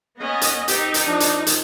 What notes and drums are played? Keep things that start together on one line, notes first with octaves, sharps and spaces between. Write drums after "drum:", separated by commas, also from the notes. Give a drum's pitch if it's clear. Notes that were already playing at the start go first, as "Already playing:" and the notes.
B3 C#4 D#5
drum: hi-hat
C4 D#4 G4, drum: hi-hat
drum: hi-hat
F3 D4
drum: hi-hat
drum: hi-hat